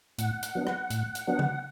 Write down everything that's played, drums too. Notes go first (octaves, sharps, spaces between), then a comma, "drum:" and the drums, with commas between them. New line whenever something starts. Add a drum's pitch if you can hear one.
A2 F#5, drum: hi-hat
drum: hi-hat
F#3 B3 D4
drum: rim click
A2, drum: hi-hat
drum: hi-hat
F#3 B3 D4
drum: tom C#3